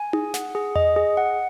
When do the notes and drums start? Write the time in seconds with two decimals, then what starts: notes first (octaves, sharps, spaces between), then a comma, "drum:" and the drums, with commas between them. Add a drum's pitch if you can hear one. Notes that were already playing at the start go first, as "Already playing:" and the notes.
Already playing: G#5
0.13 G#4, drum: tom D#4
0.34 F#5, drum: snare
0.55 G#4
0.76 D#5, drum: tom E2
0.96 G#4
1.17 F#5